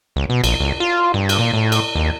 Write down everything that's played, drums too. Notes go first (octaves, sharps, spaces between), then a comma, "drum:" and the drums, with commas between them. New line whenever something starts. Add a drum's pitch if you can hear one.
C#2
B2
A#1, drum: cymbal
C#2
F4
G2
drum: cymbal
A#2
A2
drum: cymbal
D#2